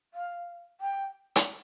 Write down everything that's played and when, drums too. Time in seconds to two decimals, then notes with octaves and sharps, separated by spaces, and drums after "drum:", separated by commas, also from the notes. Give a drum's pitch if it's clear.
0.14 F5
0.81 G5
1.36 drum: hi-hat